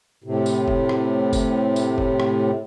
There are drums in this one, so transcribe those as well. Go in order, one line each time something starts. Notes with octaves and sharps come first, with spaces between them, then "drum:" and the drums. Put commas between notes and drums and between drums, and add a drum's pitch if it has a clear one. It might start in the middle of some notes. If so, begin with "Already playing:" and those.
A2 C3
drum: tambourine
drum: kick
drum: rim click
drum: kick, tambourine
drum: tambourine
drum: kick
drum: rim click